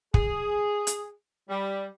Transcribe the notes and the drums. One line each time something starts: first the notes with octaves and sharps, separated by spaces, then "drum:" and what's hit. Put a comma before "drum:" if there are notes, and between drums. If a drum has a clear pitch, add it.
G#4, drum: kick
drum: hi-hat
G3